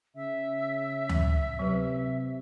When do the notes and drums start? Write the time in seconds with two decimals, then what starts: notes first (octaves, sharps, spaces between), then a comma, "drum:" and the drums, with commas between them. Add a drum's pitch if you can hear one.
0.16 C#3 E5
1.09 drum: tom D2
1.59 C3 F#3 B4